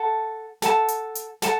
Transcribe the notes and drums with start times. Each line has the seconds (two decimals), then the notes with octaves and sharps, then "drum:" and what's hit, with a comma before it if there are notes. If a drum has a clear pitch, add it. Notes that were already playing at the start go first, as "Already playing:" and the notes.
Already playing: A4 F#5 A5
0.62 A4 F#5 A5, drum: snare
0.88 drum: hi-hat
1.15 drum: hi-hat
1.42 A4 F#5 A5, drum: snare